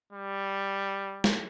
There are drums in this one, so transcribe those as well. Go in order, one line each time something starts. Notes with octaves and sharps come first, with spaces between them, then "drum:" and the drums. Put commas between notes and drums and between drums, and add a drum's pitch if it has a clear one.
G3
drum: snare